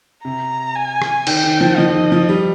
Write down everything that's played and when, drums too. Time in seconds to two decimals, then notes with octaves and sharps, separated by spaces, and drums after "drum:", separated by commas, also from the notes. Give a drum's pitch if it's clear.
0.24 C3 A#5
0.75 G#5
1.02 drum: rim click
1.27 D#3 G5, drum: cymbal
1.44 D#3
1.61 F3
1.77 F3 D#5
1.95 D#3
2.12 F3
2.29 G3